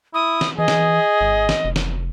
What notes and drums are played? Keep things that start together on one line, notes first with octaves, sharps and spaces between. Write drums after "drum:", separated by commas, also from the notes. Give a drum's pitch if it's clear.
E4 D#6
drum: snare
E3 G#4 D#5
drum: snare
G#1
drum: snare
F1
drum: snare